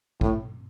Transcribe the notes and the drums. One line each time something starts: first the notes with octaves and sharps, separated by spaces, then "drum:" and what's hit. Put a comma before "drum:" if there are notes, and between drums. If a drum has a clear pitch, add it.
A2, drum: kick